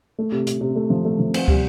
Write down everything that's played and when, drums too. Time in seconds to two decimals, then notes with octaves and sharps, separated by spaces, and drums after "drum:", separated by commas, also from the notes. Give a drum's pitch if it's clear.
0.19 A3
0.32 C3
0.47 C3, drum: hi-hat
0.61 C3
0.76 A3
0.90 F3
1.05 A3
1.19 F3
1.34 C4, drum: cymbal
1.48 G3, drum: kick